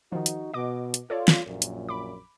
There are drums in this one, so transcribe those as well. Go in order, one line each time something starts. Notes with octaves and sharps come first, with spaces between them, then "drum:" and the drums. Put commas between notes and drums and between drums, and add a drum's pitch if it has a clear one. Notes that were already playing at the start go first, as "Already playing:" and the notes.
D#3 F3 D#4 F#4
drum: hi-hat
B2 D#5 D6
drum: hi-hat
F4 A4 C#5 D5
drum: snare
A#1 F#2 A#2
drum: hi-hat
B5 D6